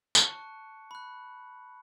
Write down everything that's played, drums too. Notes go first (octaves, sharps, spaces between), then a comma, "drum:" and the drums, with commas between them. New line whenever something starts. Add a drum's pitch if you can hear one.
A5 C#6 F#6 C#7, drum: tambourine
B5 F#6